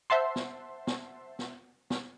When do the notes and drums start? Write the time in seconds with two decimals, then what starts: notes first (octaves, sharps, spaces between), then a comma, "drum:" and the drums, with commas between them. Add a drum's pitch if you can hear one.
0.10 C5 E5 F#5 A5 C6
0.36 drum: snare
0.87 drum: snare
1.39 drum: snare
1.90 drum: snare